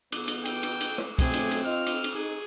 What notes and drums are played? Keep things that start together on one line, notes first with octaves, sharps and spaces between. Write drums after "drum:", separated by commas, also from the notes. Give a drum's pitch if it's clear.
E2 B3, drum: cymbal
drum: cymbal
G5, drum: cymbal
drum: cymbal
drum: cymbal
drum: rim click
B2 F#3 A3 C4 G#4, drum: kick, cymbal
drum: cymbal
drum: cymbal
F4 D#5 F6
drum: cymbal
drum: cymbal
D#4 G#4